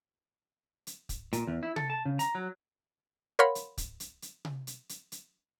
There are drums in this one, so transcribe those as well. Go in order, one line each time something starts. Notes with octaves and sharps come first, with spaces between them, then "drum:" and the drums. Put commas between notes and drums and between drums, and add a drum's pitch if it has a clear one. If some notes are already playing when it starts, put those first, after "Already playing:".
drum: hi-hat
drum: kick, hi-hat
A#2, drum: hi-hat
E2
E4
A4, drum: tom C3
A5
C#3
A#5, drum: hi-hat
F#3
A#4 C#5 F5 F#5 B5 C6
drum: hi-hat
drum: kick, hi-hat
drum: hi-hat
drum: hi-hat
drum: tom C3
drum: hi-hat
drum: hi-hat
drum: hi-hat